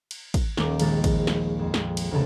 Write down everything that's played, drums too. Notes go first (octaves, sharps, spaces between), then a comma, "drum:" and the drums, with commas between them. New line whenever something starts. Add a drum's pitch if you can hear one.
drum: cymbal
drum: kick, cymbal
D#1 D#2 D6, drum: snare
A#1 D#3 G#3 A6, drum: cymbal
drum: kick, cymbal
drum: snare
F2
drum: snare
drum: cymbal
F1 D2 C#3 A3 A5